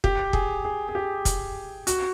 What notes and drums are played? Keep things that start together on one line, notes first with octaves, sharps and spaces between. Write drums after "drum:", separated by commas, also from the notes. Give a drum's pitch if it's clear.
G4, drum: kick
G#4, drum: kick
G#4
G#4
G4
drum: kick, hi-hat
F#4, drum: hi-hat